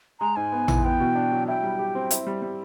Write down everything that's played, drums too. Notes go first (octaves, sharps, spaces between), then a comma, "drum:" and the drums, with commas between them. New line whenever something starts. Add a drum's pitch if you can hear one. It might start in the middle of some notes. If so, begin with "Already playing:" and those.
G#3 A#5
G#2 G#5
B3
E3, drum: tom A1
B3 G5
B2
D4
F#3
E4 G5
G3
G4
C4
E4, drum: hi-hat
G3
G3